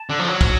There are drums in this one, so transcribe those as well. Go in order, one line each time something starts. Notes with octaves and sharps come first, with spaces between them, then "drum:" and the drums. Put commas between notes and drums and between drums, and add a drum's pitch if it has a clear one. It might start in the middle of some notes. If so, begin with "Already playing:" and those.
Already playing: A5
D3
F3
F#3
drum: kick